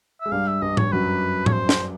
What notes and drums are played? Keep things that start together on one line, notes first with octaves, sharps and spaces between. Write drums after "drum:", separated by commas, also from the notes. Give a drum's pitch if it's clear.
G#3 E5
G2 G3 F5
E5
G2 G3 D#5
C#5, drum: tom A2
F#2 F#3 B4
C#5, drum: tom A2
C5
drum: snare